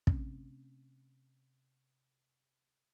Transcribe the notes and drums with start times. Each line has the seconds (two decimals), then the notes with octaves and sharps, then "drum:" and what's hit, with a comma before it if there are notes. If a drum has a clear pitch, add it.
0.07 C3 A3 C4 C#4, drum: kick